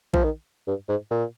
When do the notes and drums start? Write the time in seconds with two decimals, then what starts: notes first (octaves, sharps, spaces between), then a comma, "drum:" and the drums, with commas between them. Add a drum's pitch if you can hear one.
0.14 F3, drum: kick A#1
0.23 D#3
0.67 G2
0.89 G#2
1.11 A#2